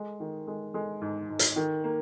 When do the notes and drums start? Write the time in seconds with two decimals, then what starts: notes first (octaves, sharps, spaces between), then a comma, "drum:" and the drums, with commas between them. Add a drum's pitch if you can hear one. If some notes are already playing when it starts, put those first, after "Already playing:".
Already playing: G#3
0.20 D#3
0.47 G#3
0.74 G#3
1.02 G#2
1.29 G#2
1.39 drum: hi-hat
1.56 D#3
1.84 A#3